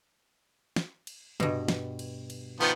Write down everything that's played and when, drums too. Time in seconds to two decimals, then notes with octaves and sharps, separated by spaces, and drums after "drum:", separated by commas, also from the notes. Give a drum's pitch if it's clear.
0.76 drum: snare
1.07 drum: cymbal
1.40 G2 B2, drum: tom C3
1.68 drum: snare
1.99 drum: cymbal
2.30 drum: cymbal
2.60 D#3 F3 B3 B4